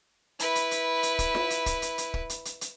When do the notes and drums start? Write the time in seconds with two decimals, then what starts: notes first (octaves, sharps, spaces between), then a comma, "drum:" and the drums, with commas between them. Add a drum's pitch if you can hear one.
0.39 E4 B4, drum: hi-hat
0.55 drum: hi-hat
0.71 drum: hi-hat
1.03 drum: hi-hat
1.19 drum: kick, hi-hat
1.35 drum: snare F4
1.50 drum: hi-hat
1.66 drum: kick, hi-hat
1.82 drum: hi-hat
1.98 drum: hi-hat
2.14 drum: kick
2.30 drum: hi-hat
2.45 drum: hi-hat
2.61 drum: hi-hat